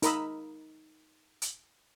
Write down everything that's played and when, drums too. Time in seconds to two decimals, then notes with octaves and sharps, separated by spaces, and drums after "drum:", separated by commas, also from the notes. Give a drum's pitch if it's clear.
0.02 D#4 A#4 A#5 B5 D#6 E6, drum: hi-hat
1.42 drum: hi-hat